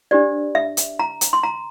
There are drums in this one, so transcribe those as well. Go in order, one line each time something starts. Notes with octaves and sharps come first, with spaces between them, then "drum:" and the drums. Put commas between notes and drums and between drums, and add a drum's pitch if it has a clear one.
D4 G4 C5 D5
E5
drum: hi-hat
A#5
drum: hi-hat
C6
A#5